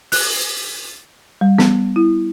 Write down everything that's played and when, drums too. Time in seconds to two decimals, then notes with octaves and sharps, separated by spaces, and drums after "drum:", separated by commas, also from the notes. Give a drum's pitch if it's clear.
0.12 F#6, drum: open hi-hat
1.41 G3
1.58 B3, drum: snare
1.96 E4